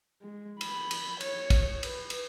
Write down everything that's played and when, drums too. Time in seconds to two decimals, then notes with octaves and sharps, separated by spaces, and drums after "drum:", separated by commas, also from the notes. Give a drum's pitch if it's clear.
0.22 G#3
0.61 B5, drum: cymbal
0.91 drum: cymbal
1.21 C#5, drum: cymbal
1.50 drum: kick, cymbal
1.83 B4, drum: cymbal
2.10 drum: cymbal